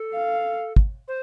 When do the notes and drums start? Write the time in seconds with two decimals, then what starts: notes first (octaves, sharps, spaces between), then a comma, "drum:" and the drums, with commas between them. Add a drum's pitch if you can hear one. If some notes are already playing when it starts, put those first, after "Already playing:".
Already playing: A4
0.14 F5
0.76 drum: kick
1.08 C5